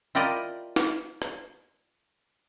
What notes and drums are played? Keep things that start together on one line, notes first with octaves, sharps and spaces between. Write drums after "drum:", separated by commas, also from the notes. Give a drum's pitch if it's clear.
E4 F4 G4 A#4 D5 D#5, drum: tambourine
drum: snare
drum: rim click